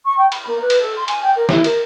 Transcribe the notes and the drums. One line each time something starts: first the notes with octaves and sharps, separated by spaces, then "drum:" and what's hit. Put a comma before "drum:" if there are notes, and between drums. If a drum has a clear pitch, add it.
C#6
G5
B5, drum: cymbal
A#3
B4
drum: cymbal
A4
C6
G#5, drum: cymbal
G5
A#4
E4, drum: snare
A#4, drum: cymbal